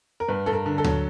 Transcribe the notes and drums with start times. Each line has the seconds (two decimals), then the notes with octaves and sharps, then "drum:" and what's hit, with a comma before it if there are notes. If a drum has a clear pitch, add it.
0.20 A#4
0.28 G2 B4
0.46 G2 A4
0.53 A#4
0.66 D3
0.78 A4
0.84 F#3, drum: tom D2